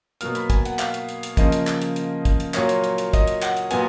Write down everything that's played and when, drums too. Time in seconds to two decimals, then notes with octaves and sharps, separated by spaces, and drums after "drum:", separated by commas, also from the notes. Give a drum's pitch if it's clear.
0.21 B2 F#3 A#3 F6, drum: hi-hat
0.35 B5, drum: hi-hat
0.50 G#5, drum: kick, hi-hat
0.65 F#5, drum: hi-hat
0.79 F5, drum: clap
0.94 drum: hi-hat
1.09 drum: hi-hat
1.23 drum: hi-hat
1.37 C#3 F3 A#3 D#5, drum: kick, hi-hat
1.52 drum: hi-hat
1.67 drum: clap
1.82 drum: hi-hat
1.96 drum: hi-hat
2.25 drum: kick, hi-hat
2.40 drum: hi-hat
2.54 A#2 F#3 A#3 C#5, drum: clap
2.69 drum: hi-hat
2.84 drum: hi-hat
2.98 drum: hi-hat
3.13 D#5, drum: kick, hi-hat
3.27 drum: hi-hat
3.42 F#5, drum: clap
3.57 drum: hi-hat
3.71 A#2 F#3 B3 G#5, drum: hi-hat